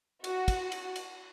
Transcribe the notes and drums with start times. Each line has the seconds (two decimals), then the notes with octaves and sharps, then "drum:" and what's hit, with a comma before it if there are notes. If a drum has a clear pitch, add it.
0.24 F#4, drum: cymbal
0.48 drum: kick, cymbal
0.72 drum: cymbal
0.96 drum: cymbal